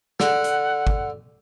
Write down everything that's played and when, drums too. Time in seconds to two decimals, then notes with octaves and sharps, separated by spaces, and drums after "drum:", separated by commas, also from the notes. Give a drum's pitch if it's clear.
0.20 D3 F#5, drum: snare
0.44 drum: hi-hat
0.87 drum: kick